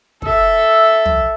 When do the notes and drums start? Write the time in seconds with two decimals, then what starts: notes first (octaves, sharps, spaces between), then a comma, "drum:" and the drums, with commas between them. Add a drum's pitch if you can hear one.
0.22 A4 E5, drum: kick
1.06 drum: tom